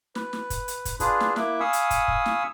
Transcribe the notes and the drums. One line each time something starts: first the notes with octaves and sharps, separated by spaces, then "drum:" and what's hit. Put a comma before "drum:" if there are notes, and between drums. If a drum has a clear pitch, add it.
B4, drum: snare
drum: snare
drum: kick, hi-hat
drum: hi-hat
drum: kick, hi-hat
D4 F4 G#4 B4, drum: kick, hi-hat
drum: snare
A#3 E4 E5 D6 F#6, drum: snare
F5 G#5 B5 C#6 D#6 E6
drum: hi-hat
drum: kick, hi-hat
drum: kick
drum: snare